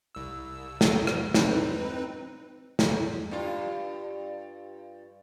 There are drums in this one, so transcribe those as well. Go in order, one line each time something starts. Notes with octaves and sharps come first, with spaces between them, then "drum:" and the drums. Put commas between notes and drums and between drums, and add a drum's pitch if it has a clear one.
C2 E6
drum: snare
drum: rim click
C4 D#4 B4, drum: snare
drum: snare
G2 F4